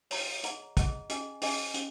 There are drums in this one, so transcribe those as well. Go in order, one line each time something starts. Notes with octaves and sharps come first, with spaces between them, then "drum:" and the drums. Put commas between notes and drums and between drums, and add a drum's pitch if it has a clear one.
A#4 C#5 A#5, drum: open hi-hat
G#4 D#5 F#5 A#5, drum: hi-hat
G#4 D#5 F#5 A#5, drum: kick, hi-hat
C#4 G#4 D#5 G#5, drum: hi-hat
C#4 G#4 D#5 G#5, drum: open hi-hat
C#4, drum: hi-hat